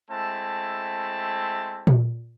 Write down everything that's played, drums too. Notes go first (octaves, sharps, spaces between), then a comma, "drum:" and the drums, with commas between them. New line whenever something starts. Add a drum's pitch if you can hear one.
G#3 A3 C4 E4 A5
drum: tom A#2